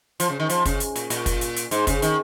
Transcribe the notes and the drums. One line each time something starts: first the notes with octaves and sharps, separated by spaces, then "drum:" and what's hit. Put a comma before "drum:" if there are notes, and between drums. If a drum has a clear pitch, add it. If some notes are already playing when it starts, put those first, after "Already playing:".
F3, drum: hi-hat
C#3
D#3
F3, drum: hi-hat
C#3, drum: kick, hi-hat
drum: hi-hat
A#2, drum: hi-hat
A#2, drum: hi-hat
drum: kick, hi-hat
drum: hi-hat
drum: hi-hat
G#2, drum: hi-hat
C#3, drum: kick, hi-hat
D#3, drum: hi-hat